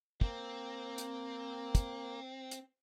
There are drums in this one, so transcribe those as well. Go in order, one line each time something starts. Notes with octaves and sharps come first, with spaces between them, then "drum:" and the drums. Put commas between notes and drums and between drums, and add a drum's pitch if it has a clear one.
A#3 C4, drum: kick
drum: hi-hat
drum: kick, hi-hat
drum: hi-hat